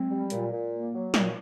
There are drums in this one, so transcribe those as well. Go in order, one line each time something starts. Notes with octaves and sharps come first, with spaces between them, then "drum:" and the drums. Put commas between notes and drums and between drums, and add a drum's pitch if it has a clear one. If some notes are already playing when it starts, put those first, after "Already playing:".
Already playing: F#3 G#3 C4
G3
A#2, drum: hi-hat
A#2
A#3
F#3
A#2, drum: snare